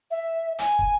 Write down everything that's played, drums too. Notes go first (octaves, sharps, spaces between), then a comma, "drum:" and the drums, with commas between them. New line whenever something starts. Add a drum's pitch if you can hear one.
E5
G#5, drum: hi-hat
drum: kick